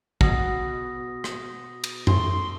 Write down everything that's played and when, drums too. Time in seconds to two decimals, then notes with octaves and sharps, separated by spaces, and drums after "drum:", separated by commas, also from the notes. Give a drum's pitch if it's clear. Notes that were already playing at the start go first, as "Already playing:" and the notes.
0.21 B2 B3 F#4 G#4 D#6 A#6, drum: kick
1.24 drum: rim click
1.84 drum: cymbal
2.07 A3 C6, drum: tom F#2